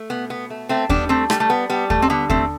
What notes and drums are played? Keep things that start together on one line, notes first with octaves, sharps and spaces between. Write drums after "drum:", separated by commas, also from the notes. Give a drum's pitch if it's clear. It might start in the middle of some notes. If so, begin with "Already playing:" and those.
Already playing: A3
B2 B3
B3
A3
A3 C4
G3 B3 D4, drum: kick D#2
A3 C4
G3 A3, drum: rim click
A3
B3
G3 B3
A3, drum: kick D#2
C4
D3 B3
A3 C4, drum: kick D#2